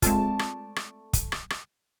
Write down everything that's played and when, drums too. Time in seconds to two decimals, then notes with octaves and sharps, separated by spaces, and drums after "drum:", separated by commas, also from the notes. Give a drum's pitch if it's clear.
0.02 G#3 A3 C4 F4 D5 A5, drum: kick, hi-hat
0.39 drum: rim click
0.76 drum: rim click
1.13 drum: kick, hi-hat
1.32 drum: rim click
1.50 drum: rim click